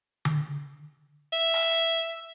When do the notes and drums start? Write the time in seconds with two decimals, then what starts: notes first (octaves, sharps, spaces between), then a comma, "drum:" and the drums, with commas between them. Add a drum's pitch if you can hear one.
0.25 drum: tom D3
1.33 E5
1.54 drum: open hi-hat